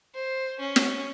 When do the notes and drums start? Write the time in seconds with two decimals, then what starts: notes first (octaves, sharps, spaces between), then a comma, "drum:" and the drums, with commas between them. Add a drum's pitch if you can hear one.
0.14 C5
0.60 C#4
0.76 drum: snare